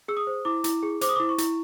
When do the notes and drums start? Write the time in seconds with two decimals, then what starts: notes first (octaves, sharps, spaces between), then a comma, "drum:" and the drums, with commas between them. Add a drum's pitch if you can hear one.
0.08 G#4 E6
0.17 D#6
0.27 C5
0.45 E4 D6
0.64 E4, drum: hi-hat
0.83 G#4
1.01 C5 D6, drum: hi-hat
1.09 D#6
1.16 E4 D6
1.29 C#6
1.38 E4, drum: hi-hat